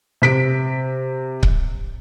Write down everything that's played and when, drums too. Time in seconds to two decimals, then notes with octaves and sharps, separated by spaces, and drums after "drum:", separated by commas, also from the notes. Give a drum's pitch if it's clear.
0.22 C3 B6 D7
1.43 drum: kick C#1